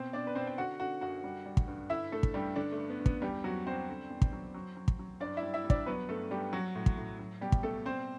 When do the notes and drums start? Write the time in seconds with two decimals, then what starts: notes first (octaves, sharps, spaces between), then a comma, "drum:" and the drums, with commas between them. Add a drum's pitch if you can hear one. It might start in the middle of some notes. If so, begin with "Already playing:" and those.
Already playing: B2 C4 C5
0.13 B2 D4 D5
0.27 B4
0.35 B2 C4 C5
0.47 G5
0.58 D3 F#4 F#5
0.80 D3 F#4 F#5
1.01 F#2 F#4 F#5
1.24 G3
1.46 G3
1.57 drum: kick
1.67 G2
1.90 D3 E4 E5
2.12 D3 A3 A4
2.23 drum: kick
2.34 G2 G3 G4
2.56 G2 D3 D4
2.72 A3
2.78 G2
2.90 B3
3.01 G2
3.06 B3, drum: kick
3.22 E2 G3 G4
3.44 E2 F#3 F#4
3.66 G3 C4 C5
3.89 D3
4.10 E2
4.22 drum: kick
4.33 F#3
4.54 F#3
4.77 F#3
4.88 drum: kick
4.99 F#3
5.20 G2 D4 D5
5.37 E4 E5
5.42 G3
5.54 E4 E5
5.65 G3
5.70 D4 D5, drum: kick
5.86 F#3 B3 B4
6.09 G2 A3 A4
6.31 G2 G3 G4
6.53 F#3 F#4
6.75 A2
6.86 drum: kick
6.97 A2
7.19 F#3
7.41 B2 G3 G4
7.52 drum: kick
7.63 B2 A3 A4
7.85 G3 C4 C5